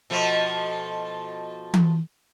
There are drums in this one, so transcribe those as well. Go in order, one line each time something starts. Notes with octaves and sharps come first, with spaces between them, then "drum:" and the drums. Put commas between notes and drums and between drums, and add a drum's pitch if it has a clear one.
B2 F3 A3
drum: tom E3